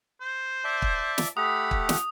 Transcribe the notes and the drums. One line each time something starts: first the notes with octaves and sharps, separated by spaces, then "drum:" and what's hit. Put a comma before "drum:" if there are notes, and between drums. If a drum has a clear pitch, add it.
C5
D5 E5 A5
drum: kick
drum: snare
A3 G4 F#5 B5 D#6
drum: kick
drum: snare